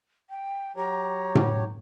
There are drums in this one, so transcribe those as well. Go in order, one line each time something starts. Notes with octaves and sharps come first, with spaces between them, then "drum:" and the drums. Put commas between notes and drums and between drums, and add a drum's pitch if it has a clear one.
G5
F#3 G4 C#5 A#5
drum: tom A2